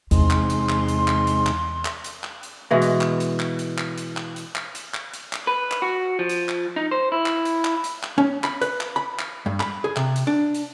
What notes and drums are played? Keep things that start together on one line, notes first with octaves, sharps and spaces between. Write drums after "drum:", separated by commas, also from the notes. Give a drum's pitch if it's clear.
E2 C3 G#3 D#4 C6, drum: hi-hat
drum: clap
drum: hi-hat
drum: clap
drum: hi-hat
drum: clap
drum: hi-hat
drum: clap
drum: clap
drum: hi-hat
drum: clap
drum: hi-hat
B2 E3 G#3
drum: hi-hat
drum: clap
drum: hi-hat
drum: clap
drum: hi-hat
drum: clap
drum: hi-hat
drum: clap
drum: hi-hat
drum: clap
drum: hi-hat
drum: clap
drum: hi-hat
drum: clap
B4
drum: clap
F#4
F3
drum: hi-hat
drum: clap
D#4
C5
E4
drum: clap
drum: hi-hat
drum: clap
drum: hi-hat
drum: clap
C#4
B5, drum: clap
B4, drum: hi-hat
drum: clap
B5
drum: clap
G2
B5, drum: clap
G#4
C3, drum: clap
drum: hi-hat
D4
drum: hi-hat